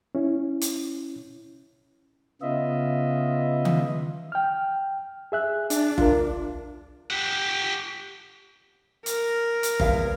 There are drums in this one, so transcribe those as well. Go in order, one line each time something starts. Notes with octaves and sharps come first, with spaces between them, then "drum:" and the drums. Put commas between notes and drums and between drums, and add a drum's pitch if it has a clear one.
C#4 E4
drum: hi-hat
C#3 B3 F4 D#5 E5
drum: tom D#3
G5 F6
G#4 E5 F#6
D4, drum: hi-hat
F4 A#4, drum: kick F#1
G4 F#5
A#4, drum: hi-hat
drum: hi-hat
E2 F5, drum: kick F#1